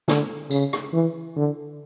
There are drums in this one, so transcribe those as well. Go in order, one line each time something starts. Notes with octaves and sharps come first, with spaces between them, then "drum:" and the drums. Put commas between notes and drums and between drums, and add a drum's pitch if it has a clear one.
D3, drum: snare
C#3, drum: tambourine
drum: rim click
E3
D3